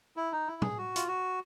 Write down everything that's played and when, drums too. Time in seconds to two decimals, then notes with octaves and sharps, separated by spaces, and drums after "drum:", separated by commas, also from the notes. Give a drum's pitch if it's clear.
0.16 E4
0.32 D#4
0.47 E4
0.62 G#4, drum: tom
0.78 F#4
0.96 F4, drum: hi-hat
1.08 F#4